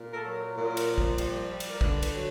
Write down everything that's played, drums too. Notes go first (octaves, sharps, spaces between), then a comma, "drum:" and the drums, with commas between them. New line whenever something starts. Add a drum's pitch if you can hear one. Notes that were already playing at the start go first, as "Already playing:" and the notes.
Already playing: A#2
A#4
A4
F#3
A#4
A#2 A#4
drum: cymbal
F3
drum: kick
G3, drum: cymbal
G3
drum: cymbal
A#4
D3 B4, drum: kick
B4, drum: cymbal
F#3